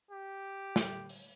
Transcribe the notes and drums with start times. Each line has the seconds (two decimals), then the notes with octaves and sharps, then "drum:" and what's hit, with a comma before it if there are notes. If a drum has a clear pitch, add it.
0.11 G4
0.76 drum: snare
1.09 drum: open hi-hat